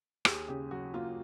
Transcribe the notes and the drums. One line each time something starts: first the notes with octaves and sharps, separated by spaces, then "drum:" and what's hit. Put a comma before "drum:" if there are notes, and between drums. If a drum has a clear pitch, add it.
D#2 G#4, drum: rim click
C#3 G4
F#3 F#4
A#3 F4